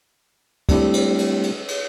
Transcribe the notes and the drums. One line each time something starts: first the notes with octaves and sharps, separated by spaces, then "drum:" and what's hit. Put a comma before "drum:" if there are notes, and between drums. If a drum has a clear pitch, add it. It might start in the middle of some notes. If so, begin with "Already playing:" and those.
G3 A3 C4 D4 E4 G4, drum: kick, cymbal
drum: cymbal
drum: cymbal
drum: cymbal
drum: cymbal